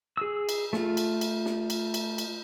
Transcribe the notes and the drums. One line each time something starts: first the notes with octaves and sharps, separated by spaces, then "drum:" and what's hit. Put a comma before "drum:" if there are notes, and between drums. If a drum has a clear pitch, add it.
G#4 E6
drum: cymbal
A3 F4, drum: snare
drum: cymbal
drum: cymbal
drum: snare
drum: cymbal
drum: cymbal
drum: cymbal